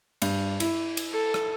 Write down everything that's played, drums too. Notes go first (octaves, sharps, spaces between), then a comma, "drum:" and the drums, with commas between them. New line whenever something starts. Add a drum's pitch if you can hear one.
G2, drum: cymbal
E4, drum: cymbal
drum: cymbal
A4
drum: rim click